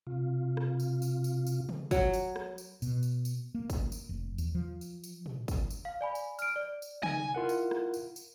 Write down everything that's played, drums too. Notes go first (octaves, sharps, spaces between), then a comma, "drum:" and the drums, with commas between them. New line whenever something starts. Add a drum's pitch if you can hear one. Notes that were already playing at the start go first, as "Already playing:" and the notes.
C3 F4
drum: rim click
drum: tambourine
drum: tambourine
drum: tambourine
drum: tambourine
drum: tom
F#3, drum: kick, tambourine
drum: tambourine
drum: rim click
drum: tambourine
B2, drum: tambourine
drum: tambourine
drum: tambourine
A#3
drum: kick, tambourine
drum: tambourine
F1
E2, drum: tambourine
F3
drum: tambourine
drum: tambourine
drum: tom
drum: kick, tambourine
drum: tambourine
F5
D5 G#5 B5
drum: tambourine
F6 D7, drum: tambourine
D5
drum: tambourine
D#4 G#5, drum: tom
E4 F4 A#4 F#5
drum: tambourine
drum: rim click
drum: tambourine
drum: tambourine